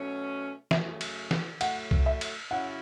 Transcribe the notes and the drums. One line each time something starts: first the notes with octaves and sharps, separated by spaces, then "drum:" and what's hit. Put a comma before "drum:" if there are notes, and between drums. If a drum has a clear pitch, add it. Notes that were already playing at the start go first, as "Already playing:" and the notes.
Already playing: B2 F#3 A3 C#4
F#2 C#3 F#3 A3 E5, drum: snare
drum: cymbal
drum: snare
A2 F#3 A3 F#5, drum: cymbal
drum: kick C2
E5
drum: cymbal
C#3 F#3 C#4 E4 F#5